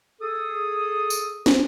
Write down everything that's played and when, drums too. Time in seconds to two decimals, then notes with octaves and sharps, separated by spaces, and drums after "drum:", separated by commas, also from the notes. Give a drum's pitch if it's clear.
0.21 G#4 A4 D#6
1.10 drum: tambourine
1.46 drum: snare